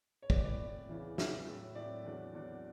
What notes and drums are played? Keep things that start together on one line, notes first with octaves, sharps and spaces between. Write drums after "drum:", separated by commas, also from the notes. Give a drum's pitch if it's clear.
C#5
A2 E3 D5, drum: kick
D5
A2 E3
E2 C#3 E3
E2 C#3 E3 E5, drum: snare
A2 F#3
A2 F#3 D5
E2 D3 F#3
E2 D3 F#3